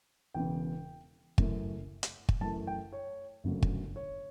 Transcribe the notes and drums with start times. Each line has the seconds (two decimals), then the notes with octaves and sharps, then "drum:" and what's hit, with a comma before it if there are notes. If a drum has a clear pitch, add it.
0.34 E1 E2 C#3 G5
1.38 F#2 C#3 E3 A3, drum: kick
2.03 drum: hi-hat
2.29 drum: kick
2.41 F#2 E3 A3 A5
2.67 G5
2.93 C#5
3.44 G1 F#2 C#3 F#3 A3
3.62 drum: kick
3.96 C#5